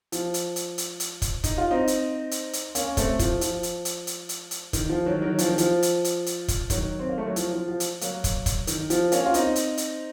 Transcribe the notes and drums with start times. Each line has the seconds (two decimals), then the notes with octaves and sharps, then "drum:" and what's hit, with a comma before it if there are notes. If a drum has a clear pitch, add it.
0.12 F3, drum: hi-hat
0.34 drum: hi-hat
0.56 drum: hi-hat
0.78 drum: hi-hat
1.00 drum: hi-hat
1.22 drum: kick, hi-hat
1.44 D#4, drum: kick, hi-hat
1.58 F4
1.71 C4 D#4
1.88 drum: hi-hat
2.31 drum: hi-hat
2.53 drum: hi-hat
2.75 A#3 C#4, drum: hi-hat
2.97 A3 C4, drum: kick, hi-hat
3.19 F3, drum: kick, hi-hat
3.41 F3, drum: hi-hat
3.63 drum: hi-hat
3.85 drum: hi-hat
4.07 drum: hi-hat
4.29 drum: hi-hat
4.51 drum: hi-hat
4.73 D#3, drum: kick, hi-hat
4.89 F3
5.06 D#3 F#3
5.22 D#3 F#3
5.38 F3, drum: hi-hat
5.48 D#3
5.58 F3, drum: hi-hat
5.83 drum: hi-hat
6.04 drum: hi-hat
6.26 drum: hi-hat
6.48 drum: kick, hi-hat
6.70 D#3 F#3, drum: kick, hi-hat
6.99 C4
7.09 A#3
7.18 A3
7.27 F#3
7.36 F3, drum: hi-hat
7.53 F3
7.68 F3
7.80 drum: hi-hat
8.01 F#3 A#3, drum: hi-hat
8.24 drum: kick, hi-hat
8.46 drum: kick, hi-hat
8.67 D#3, drum: hi-hat
8.90 F3, drum: hi-hat
9.12 A#3 C#4, drum: hi-hat
9.26 F4
9.34 C4 D#4, drum: hi-hat
9.56 drum: hi-hat
9.78 drum: hi-hat